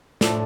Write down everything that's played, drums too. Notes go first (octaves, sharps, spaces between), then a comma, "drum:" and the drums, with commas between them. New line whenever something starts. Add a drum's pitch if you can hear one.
A2 F3 A3 D4, drum: snare